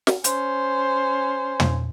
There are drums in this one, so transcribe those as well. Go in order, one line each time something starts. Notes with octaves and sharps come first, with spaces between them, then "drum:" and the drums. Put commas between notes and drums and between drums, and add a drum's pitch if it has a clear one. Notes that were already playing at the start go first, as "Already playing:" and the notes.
drum: snare
C#4 C5, drum: hi-hat
drum: tom